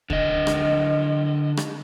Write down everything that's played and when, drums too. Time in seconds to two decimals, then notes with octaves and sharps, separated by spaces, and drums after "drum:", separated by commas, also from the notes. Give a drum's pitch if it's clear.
0.10 D3 D#5, drum: kick
0.47 drum: rim click
1.57 drum: rim click